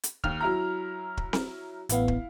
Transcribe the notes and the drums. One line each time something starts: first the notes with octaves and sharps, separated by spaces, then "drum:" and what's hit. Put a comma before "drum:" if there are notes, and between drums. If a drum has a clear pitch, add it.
drum: hi-hat
D#2 F6, drum: kick
F#3 E4 A#5
drum: kick
drum: snare C4
A1 B3 E4 F5, drum: hi-hat
drum: kick